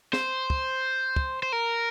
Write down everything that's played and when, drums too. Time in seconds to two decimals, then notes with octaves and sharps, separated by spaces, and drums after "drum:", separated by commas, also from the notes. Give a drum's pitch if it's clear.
0.13 C5, drum: snare
0.50 drum: kick
1.16 drum: kick
1.43 C5
1.52 A#4